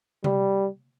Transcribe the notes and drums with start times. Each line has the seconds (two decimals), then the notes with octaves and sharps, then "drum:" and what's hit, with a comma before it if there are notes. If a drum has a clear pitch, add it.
0.24 G3, drum: tom C3